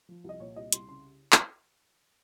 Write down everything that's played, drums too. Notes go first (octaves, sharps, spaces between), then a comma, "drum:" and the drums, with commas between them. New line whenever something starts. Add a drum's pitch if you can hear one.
F3
C2 D#5
A#2 C#5
C2 D#5
C2 C6, drum: hi-hat
C#3 C6
drum: clap